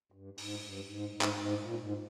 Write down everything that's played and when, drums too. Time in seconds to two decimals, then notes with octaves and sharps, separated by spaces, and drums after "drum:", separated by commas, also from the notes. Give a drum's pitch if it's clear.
0.12 G2
0.38 G#2, drum: open hi-hat
0.63 G2
0.87 G#2
1.12 G#2
1.21 drum: clap
1.37 G#2
1.62 A#2
1.80 G#2